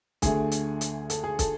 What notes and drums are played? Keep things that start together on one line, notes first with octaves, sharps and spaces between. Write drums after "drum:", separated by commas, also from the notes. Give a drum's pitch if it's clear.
D2 D3 A3 G#4, drum: kick, hi-hat
drum: hi-hat
drum: hi-hat
A4, drum: hi-hat
G#4
A4, drum: kick, hi-hat